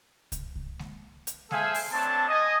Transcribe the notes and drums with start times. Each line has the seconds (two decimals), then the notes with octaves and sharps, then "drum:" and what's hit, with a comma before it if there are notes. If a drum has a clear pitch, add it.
0.32 drum: kick, hi-hat
0.56 drum: kick
0.79 drum: snare G#3
1.27 drum: hi-hat
1.51 G#4 A4 C5 E5 F5 G#5, drum: snare G#3
1.74 drum: open hi-hat
1.91 A3 C4 D4 C#5 A5
2.28 D#5 G#5 D#6